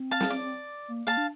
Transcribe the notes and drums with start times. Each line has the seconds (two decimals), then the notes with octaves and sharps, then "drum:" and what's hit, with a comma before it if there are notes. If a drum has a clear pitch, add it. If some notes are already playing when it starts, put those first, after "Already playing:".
Already playing: C4
0.11 F5 A5
0.20 drum: snare
0.30 D5
0.88 A#3
1.07 A#3 F5 A5
1.17 D4